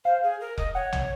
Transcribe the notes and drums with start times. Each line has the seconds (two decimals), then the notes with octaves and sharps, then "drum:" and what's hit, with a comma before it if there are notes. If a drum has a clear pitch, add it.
0.05 C5 F5
0.23 G#4
0.40 A#4
0.58 D#5, drum: kick F1
0.75 C#5 F#5
0.92 drum: tom A#1